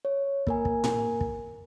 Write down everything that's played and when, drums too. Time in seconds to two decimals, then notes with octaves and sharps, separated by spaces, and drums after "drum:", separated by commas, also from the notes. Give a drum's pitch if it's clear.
0.05 C#5
0.47 A#3 A#4 G#5, drum: kick
0.65 drum: kick
0.84 drum: tom A2
1.21 drum: kick